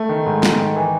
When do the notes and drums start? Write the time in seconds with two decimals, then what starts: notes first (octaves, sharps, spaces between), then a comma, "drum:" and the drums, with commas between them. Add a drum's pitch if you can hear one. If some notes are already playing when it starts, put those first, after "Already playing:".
Already playing: A3
0.09 D#3
0.26 G#2
0.43 G#2, drum: snare
0.60 D#3
0.76 E3